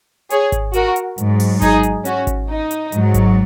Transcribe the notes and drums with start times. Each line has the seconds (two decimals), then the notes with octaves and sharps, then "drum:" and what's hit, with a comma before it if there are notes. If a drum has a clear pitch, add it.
0.30 G#4 C#5, drum: hi-hat
0.52 drum: kick G#1, hi-hat
0.73 F#4 A#4, drum: hi-hat
0.96 drum: hi-hat
1.18 G#2 F#3, drum: hi-hat
1.40 drum: open hi-hat
1.62 D#4 G#4, drum: kick G#1, hi-hat
1.83 drum: hi-hat
2.05 C#4 F#4, drum: hi-hat
2.27 drum: kick G#1, hi-hat
2.49 D#4
2.71 drum: hi-hat
2.92 G#2 F#3, drum: hi-hat
3.14 drum: kick G#1, hi-hat